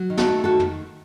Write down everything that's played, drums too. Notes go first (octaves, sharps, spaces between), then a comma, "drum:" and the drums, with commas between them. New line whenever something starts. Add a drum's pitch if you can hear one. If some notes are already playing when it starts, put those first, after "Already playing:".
Already playing: F#3
D#3
F#4 A4, drum: snare
A3
D#3 F#4 A4
drum: tom